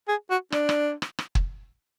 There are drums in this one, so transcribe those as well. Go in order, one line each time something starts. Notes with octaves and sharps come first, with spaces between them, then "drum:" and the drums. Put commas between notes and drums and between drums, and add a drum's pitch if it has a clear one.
G#4
F#4
D4, drum: rim click
drum: rim click
drum: rim click
drum: rim click
drum: kick